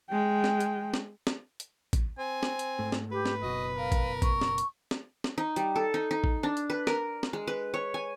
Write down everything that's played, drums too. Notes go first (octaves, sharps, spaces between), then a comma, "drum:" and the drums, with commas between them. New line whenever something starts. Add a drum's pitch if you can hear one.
G#3 G5
drum: snare
drum: hi-hat
drum: snare
drum: snare
drum: hi-hat
drum: kick, hi-hat
C4 G#5
drum: snare
drum: hi-hat
G#2 A3
drum: snare
G4 B4
drum: snare
F#1 B2 F#4 D#5
A#4 F5
drum: kick, hi-hat
C#6, drum: kick, hi-hat
drum: snare
drum: hi-hat
drum: snare
drum: snare
D#4
G3, drum: hi-hat
A4
D#4
D#4
drum: kick
D4
drum: hi-hat
B4
A#4, drum: snare
drum: snare
G#3
B4
C#5
G#5